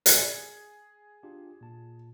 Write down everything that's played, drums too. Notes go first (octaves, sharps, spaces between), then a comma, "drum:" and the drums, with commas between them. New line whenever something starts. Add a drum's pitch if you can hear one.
G#4, drum: hi-hat
D4 F4 G4
A#2 A5